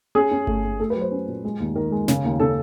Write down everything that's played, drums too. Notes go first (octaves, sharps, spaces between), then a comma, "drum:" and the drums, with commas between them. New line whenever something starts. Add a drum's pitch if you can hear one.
C#4 G#4
C#4
A3, drum: kick G1
A3
A3 A4
B4
F#3
C5
C#4
A#2
G#3
D#2
D#3 A#4
G#3
C#3, drum: snare
D#2
C#3 A4